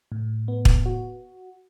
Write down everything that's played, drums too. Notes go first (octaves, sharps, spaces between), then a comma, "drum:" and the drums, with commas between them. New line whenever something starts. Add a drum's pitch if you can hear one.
A2
B3
drum: kick
F#4